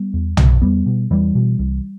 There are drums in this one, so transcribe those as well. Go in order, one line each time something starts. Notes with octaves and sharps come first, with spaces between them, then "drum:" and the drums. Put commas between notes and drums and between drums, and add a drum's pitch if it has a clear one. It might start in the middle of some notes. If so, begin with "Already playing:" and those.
Already playing: G3 B3
E2
B2, drum: tom B1
E2 G3 B3
B2
E2 E3 G3
B2
C2